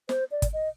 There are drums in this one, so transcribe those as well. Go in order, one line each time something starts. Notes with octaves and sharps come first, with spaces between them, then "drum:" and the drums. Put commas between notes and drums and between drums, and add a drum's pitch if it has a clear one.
C5, drum: snare
D5
drum: kick, hi-hat
D#5